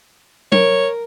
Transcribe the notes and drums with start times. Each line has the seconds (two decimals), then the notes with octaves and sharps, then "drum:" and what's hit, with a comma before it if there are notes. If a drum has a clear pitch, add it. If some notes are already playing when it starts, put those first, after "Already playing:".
0.52 A#4 C#5, drum: tom F#3